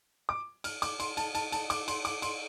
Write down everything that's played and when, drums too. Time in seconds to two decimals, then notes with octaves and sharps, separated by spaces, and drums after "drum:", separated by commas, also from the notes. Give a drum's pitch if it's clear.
0.29 D6
0.64 F6, drum: cymbal
0.82 D6, drum: cymbal
1.00 C6, drum: cymbal
1.17 A5, drum: cymbal
1.35 A5, drum: cymbal
1.52 A5, drum: cymbal
1.70 D6, drum: cymbal
1.88 C6, drum: cymbal
2.05 D6, drum: cymbal
2.22 C6, drum: cymbal